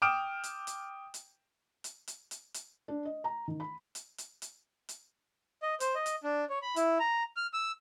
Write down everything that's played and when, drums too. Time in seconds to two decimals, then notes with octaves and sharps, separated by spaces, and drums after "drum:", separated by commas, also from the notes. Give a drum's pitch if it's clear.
0.02 G5 D6 D#6 F6 D7 E7
0.44 drum: hi-hat
0.67 drum: hi-hat
1.14 drum: hi-hat
1.84 drum: hi-hat
2.08 drum: hi-hat
2.31 drum: hi-hat
2.54 drum: hi-hat
2.88 D4
3.05 D#5
3.24 A#5
3.48 D#3
3.60 B5
3.95 drum: hi-hat
4.18 drum: hi-hat
4.42 drum: hi-hat
4.89 drum: hi-hat
5.62 D#5
5.80 C5, drum: hi-hat
5.95 D#5
6.06 drum: hi-hat
6.24 D4
6.50 C#5
6.62 B5
6.76 E4, drum: hi-hat
6.99 A#5
7.37 F6
7.53 E6